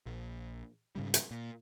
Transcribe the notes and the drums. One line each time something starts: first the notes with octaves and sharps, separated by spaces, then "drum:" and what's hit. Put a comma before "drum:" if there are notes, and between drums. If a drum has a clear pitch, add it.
A#1
G#2 C#3 G3
drum: hi-hat
A#2